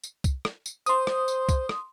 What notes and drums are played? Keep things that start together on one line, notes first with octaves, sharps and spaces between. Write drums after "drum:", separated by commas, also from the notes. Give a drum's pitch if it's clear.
drum: tambourine
drum: kick C2, tambourine
drum: rim click
drum: tambourine
C5 C6 D#6, drum: tambourine
drum: rim click
drum: tambourine
drum: kick C2, tambourine
drum: rim click